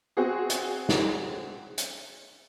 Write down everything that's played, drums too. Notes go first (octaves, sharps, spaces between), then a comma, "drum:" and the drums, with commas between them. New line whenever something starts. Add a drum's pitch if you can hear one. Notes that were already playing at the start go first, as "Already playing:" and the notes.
C4 F#4 G#4
drum: hi-hat
drum: snare
drum: hi-hat